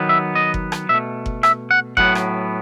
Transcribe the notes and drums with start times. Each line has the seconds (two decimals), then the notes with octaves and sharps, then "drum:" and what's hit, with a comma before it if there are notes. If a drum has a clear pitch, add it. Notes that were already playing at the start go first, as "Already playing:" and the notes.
Already playing: D#3 F#3 B3
0.09 E5
0.35 D#5
0.54 drum: kick F#1
0.72 drum: rim click
0.89 B2 A3 E5
1.26 drum: kick F#1
1.43 E5, drum: rim click
1.71 F#5
1.97 A2 F#3 B3 F#5, drum: kick F#1
2.15 drum: rim click